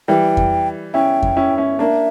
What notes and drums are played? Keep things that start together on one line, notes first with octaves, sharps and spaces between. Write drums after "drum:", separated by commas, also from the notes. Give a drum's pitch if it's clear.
E3 G3 G5
drum: kick F2
C#4 E4 G5
drum: kick F2
C#4 E4
C#4 E4
A#3 D4 E5